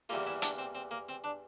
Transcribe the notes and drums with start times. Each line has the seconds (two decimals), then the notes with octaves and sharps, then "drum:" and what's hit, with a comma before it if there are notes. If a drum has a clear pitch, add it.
0.09 E2 E3 G3 A#3 F4
0.26 E4
0.42 D4, drum: hi-hat
0.58 C4
0.75 C4
0.91 A#3
1.09 C4
1.24 D4